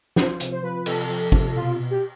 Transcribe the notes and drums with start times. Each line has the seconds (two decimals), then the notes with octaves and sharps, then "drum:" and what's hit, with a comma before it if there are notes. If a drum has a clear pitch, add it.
0.16 F3 C5, drum: snare
0.40 C3, drum: hi-hat
0.52 C5
0.62 F3 B4
0.86 C3 A4, drum: cymbal
1.09 F3
1.32 C3, drum: kick
1.55 B2 F4
1.79 B2
1.91 G4